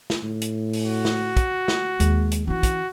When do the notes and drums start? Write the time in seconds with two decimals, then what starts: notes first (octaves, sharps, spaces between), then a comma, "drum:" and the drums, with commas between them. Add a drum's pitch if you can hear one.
0.10 drum: snare
0.23 A2
0.42 drum: hi-hat
0.73 drum: open hi-hat
0.83 F#4
1.05 drum: snare
1.37 drum: kick, hi-hat
1.68 drum: snare
2.00 D#2 G#3, drum: hi-hat
2.32 drum: hi-hat
2.47 E3 C#4 D4 F#4
2.63 drum: kick, hi-hat